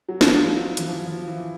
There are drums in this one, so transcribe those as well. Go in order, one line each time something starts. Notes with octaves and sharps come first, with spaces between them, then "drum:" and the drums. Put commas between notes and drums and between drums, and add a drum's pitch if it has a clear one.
F#3
F3, drum: snare
F#3
E3, drum: hi-hat
F3
F3
E3